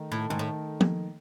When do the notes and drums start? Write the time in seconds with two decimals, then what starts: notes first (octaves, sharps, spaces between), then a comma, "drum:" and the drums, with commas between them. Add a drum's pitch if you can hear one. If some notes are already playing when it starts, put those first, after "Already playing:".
Already playing: D#3 A3 D#4
0.12 A2
0.30 G#2 D#3 A3 D#4
0.39 A2
0.80 drum: tom F3